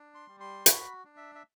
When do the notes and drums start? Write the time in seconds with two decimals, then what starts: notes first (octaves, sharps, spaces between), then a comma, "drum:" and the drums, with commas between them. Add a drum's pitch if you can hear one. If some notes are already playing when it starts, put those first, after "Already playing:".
Already playing: D4
0.15 C6
0.28 G3
0.40 C6
0.66 F#4 B5, drum: hi-hat
1.05 D4
1.17 E5
1.35 E5